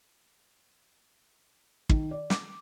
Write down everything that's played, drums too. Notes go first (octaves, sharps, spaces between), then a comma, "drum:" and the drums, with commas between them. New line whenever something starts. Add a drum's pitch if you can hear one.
D#3, drum: kick
D5
D6, drum: snare